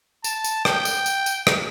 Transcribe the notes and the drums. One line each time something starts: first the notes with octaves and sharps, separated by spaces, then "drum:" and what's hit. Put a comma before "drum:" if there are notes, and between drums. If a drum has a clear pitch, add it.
A5, drum: tambourine
drum: tambourine
G5, drum: rim click
drum: tambourine
drum: tambourine
drum: tambourine
drum: rim click